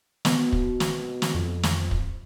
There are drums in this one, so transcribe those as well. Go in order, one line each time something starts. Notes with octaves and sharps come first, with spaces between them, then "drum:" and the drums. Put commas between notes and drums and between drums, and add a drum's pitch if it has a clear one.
B2, drum: snare
drum: kick
drum: snare
drum: snare
F2
drum: snare
drum: kick